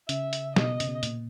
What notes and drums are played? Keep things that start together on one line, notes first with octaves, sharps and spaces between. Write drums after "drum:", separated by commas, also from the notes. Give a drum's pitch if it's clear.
C#3 E5, drum: hi-hat
drum: hi-hat
B2 D#5, drum: snare
C#3, drum: hi-hat
B2
A#2, drum: hi-hat